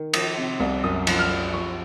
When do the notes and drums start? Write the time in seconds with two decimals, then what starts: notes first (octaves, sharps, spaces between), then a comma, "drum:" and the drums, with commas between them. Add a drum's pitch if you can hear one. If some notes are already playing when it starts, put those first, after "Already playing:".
Already playing: D#3
0.14 F3 D#6, drum: cymbal
0.38 C3
0.60 C2
0.84 F#2 D#6
1.07 F3, drum: cymbal
1.19 F6
1.30 F3
1.53 F3 C#6